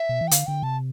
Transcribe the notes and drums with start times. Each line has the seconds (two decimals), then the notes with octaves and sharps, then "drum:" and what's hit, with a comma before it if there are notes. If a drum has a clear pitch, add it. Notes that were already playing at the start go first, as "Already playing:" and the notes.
Already playing: E5
0.09 B2
0.21 E3
0.28 G5
0.31 D3 F5, drum: hi-hat
0.47 D3 G5
0.63 C3 A5